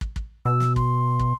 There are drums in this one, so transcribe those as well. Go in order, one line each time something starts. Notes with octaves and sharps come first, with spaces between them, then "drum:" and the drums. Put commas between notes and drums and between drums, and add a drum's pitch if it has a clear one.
drum: kick
drum: kick
B2 E6
drum: snare
C6, drum: kick
drum: kick